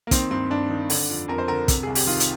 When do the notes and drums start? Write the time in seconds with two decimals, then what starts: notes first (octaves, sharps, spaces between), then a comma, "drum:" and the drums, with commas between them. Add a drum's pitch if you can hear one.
0.07 A#3
0.11 D#3 C4, drum: kick, hi-hat
0.31 G2 C4
0.50 G2 D4
0.69 D#3
0.90 D3, drum: open hi-hat
1.09 F2
1.28 F2 A#4
1.38 C5
1.48 D3 A#4
1.68 C3, drum: kick, hi-hat
1.83 C2 G#4
1.95 G4, drum: open hi-hat
2.07 D#3 F4
2.20 drum: hi-hat